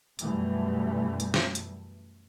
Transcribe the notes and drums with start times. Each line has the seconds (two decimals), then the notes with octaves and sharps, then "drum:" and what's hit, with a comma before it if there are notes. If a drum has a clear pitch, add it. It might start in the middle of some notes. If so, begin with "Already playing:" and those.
0.19 F#2 B2 E3 G3 A3, drum: hi-hat
1.20 drum: hi-hat
1.34 drum: snare
1.55 drum: hi-hat